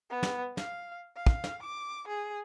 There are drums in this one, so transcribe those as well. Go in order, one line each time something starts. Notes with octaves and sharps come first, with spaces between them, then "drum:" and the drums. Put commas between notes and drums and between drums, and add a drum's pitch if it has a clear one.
B3
drum: snare
F5, drum: snare
F5
drum: kick
drum: snare
D6
G#4